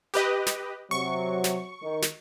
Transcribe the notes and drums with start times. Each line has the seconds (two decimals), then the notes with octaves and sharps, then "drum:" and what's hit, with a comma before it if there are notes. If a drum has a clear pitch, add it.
0.14 G4 B4 D#5
0.47 drum: snare
0.91 C3 F#3 C#6
1.44 drum: snare
1.83 D#3
2.02 drum: snare